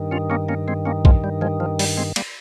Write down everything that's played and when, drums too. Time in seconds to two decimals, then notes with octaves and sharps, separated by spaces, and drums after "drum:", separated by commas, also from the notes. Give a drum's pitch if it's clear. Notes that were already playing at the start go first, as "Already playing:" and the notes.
Already playing: G2 D#3
0.11 C#4 F4
0.30 A#3 C#4
0.49 A#3 C#4
0.68 G#3 C4
0.85 A#3 C#4
1.05 F3 G#3, drum: kick B1
1.24 G3
1.41 F3 G#3
1.60 F3
1.79 G3, drum: open hi-hat
1.97 G#3 C4
2.16 G3 A#3, drum: cymbal